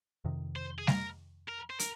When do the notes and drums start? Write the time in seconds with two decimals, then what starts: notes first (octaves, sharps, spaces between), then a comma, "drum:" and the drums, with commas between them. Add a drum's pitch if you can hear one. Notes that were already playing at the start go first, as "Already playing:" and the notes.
0.25 F2 C3 D#3
0.56 C5
0.78 G#4
0.87 A#4, drum: snare
1.49 A#4
1.70 C5
1.79 A#4, drum: hi-hat